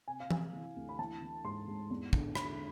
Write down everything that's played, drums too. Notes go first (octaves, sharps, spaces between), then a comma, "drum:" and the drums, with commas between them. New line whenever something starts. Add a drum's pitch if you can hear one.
C3 G#5
F5
C3 G#5, drum: tom E3
E3
D2
B5
E3 A5
E3
G#2 C6
G#2
E2
D3, drum: kick
D3 B5, drum: rim click